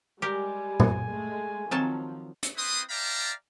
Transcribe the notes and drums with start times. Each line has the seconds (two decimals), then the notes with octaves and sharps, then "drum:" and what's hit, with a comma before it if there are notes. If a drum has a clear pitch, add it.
0.22 G3 G#3 G4 A#4 G#5
0.80 drum: tom A#2
1.08 G#3 A3
1.71 D#3 F3 F#3 C4 A5
2.43 drum: hi-hat
2.57 C4 E4 B4 C6 D#6
2.90 D5 E5 F5 G5 A5 A#5